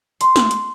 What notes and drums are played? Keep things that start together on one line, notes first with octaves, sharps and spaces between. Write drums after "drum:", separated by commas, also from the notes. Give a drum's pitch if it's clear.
C6, drum: hi-hat
drum: snare
drum: hi-hat